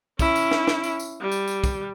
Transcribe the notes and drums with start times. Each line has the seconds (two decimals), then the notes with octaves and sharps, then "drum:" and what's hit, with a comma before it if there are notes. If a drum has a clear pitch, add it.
0.19 C#4 E4, drum: kick, tambourine
0.35 drum: tambourine
0.51 drum: snare
0.67 drum: snare
0.84 drum: tambourine
1.00 drum: tambourine
1.21 G3
1.32 drum: tambourine
1.48 drum: tambourine
1.64 drum: kick, tambourine